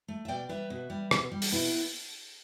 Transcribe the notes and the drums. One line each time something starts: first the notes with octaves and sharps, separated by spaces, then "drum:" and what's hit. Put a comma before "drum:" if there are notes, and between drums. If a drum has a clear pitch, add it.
A3
E5
B2 D5 G5
G3 B4 E5
B2
G3
B2, drum: rim click
G3
drum: open hi-hat
B2 B3 E4